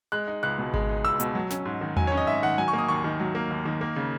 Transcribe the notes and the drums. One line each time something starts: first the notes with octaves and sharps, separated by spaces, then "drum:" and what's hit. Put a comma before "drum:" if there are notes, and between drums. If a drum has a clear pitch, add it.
G#3 F#6
D#4
C#2 F#6
B2
G#3, drum: kick G#1
D#4
C#2 E6
B2, drum: hi-hat
F#3
C#4, drum: snare
G#2
D#3
F#3 G#5, drum: tom E2
C#4 C#5
D#5
G#2 E5
D#3 F#5
F#3 G#5
C#6
A#3
D#6
D#2 C#6
D#3
F#3
A#3
D#2
D#3
A#3
C#3